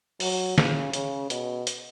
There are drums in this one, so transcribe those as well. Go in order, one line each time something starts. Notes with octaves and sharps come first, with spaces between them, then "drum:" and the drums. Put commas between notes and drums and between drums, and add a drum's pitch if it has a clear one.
F#3, drum: open hi-hat
C#3, drum: snare
C#3, drum: hi-hat
B2, drum: hi-hat
drum: hi-hat